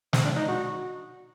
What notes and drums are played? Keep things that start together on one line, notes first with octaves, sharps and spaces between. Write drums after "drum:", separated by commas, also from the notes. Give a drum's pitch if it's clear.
C4, drum: snare
D4
D#4
F#4